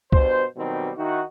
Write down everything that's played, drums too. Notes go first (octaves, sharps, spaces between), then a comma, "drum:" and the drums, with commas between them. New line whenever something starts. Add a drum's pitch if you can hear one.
G2 B2 C5, drum: kick
B2 D#3 F#3 G3 C4
D#3 D#4 E4 F#4